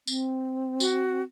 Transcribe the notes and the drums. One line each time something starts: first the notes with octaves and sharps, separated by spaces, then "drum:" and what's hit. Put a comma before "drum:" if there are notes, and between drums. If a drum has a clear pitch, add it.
C4, drum: tambourine
F#4, drum: tambourine